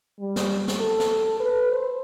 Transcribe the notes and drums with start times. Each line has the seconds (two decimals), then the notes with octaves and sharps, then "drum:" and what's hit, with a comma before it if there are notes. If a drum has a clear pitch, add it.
0.20 G3
0.36 drum: snare
0.68 drum: snare
0.80 A4
1.00 drum: snare
1.40 B4
1.72 C5